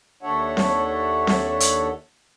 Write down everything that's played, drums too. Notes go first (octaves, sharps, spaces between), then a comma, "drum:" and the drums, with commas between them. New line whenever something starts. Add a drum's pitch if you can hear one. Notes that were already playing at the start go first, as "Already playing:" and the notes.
D#2 D4 A4 C#5 E5 F#5
drum: snare C4
drum: snare C4
drum: hi-hat